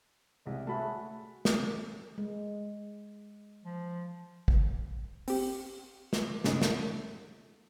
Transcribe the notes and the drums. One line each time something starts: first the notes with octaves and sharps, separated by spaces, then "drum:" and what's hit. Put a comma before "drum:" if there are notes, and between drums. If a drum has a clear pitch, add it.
C2 G#3
A3 F#4 G#4 A5 B5
drum: snare
G#3
F3
drum: kick
C4 G4, drum: open hi-hat
drum: snare
G2 C#3 C#4 D#4, drum: snare
drum: snare